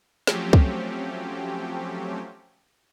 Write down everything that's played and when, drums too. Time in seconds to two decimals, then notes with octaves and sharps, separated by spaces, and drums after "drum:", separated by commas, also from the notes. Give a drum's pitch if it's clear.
0.27 F3 F#3 A3 C4 C#4 G4, drum: snare
0.53 drum: kick